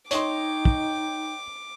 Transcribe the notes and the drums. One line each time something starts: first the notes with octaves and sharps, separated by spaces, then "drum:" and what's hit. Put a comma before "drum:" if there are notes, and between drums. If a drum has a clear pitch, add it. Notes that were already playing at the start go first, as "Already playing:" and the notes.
D#4 C#5 D#5 G5 C6 D6, drum: hi-hat
drum: kick